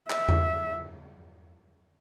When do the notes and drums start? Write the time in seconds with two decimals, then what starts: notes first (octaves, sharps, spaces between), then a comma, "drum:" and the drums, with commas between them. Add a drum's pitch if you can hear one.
0.10 E5, drum: clap
0.29 drum: tom E2